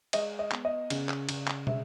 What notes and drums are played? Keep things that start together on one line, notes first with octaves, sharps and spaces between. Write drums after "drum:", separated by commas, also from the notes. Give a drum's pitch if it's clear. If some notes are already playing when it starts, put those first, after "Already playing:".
G#3 D#5, drum: cymbal
D#5
B3, drum: clap
D#5
C#3, drum: cymbal
drum: clap
C#3, drum: cymbal
drum: clap
G#3 E5, drum: tom